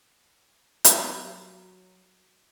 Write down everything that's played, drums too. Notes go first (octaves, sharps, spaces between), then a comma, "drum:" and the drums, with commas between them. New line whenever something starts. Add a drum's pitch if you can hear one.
F#3 F#4 C#5, drum: hi-hat